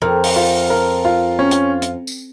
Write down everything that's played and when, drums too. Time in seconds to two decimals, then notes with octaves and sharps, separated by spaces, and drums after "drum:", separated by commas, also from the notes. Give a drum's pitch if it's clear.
0.02 F2 A#4
0.24 drum: open hi-hat
0.36 F4
0.70 A#4
1.05 F4
1.39 C#4
1.51 drum: hi-hat
1.82 drum: hi-hat
2.07 drum: tambourine